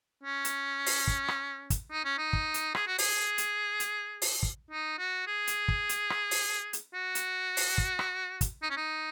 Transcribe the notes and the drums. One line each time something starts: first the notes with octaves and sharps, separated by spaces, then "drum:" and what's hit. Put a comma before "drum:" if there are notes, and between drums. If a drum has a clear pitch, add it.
C#4
drum: hi-hat
drum: open hi-hat
drum: kick
drum: rim click
drum: kick, hi-hat
D#4
C#4
D#4
drum: kick
drum: hi-hat
G#4, drum: rim click
F#4
G#4, drum: open hi-hat
drum: hi-hat
drum: hi-hat
drum: open hi-hat
drum: kick
D#4
F#4
G#4
drum: hi-hat
drum: kick
drum: hi-hat
drum: rim click
drum: open hi-hat
drum: hi-hat
F#4
drum: hi-hat
drum: open hi-hat
drum: kick
drum: rim click
drum: kick, hi-hat
D#4
C#4
D#4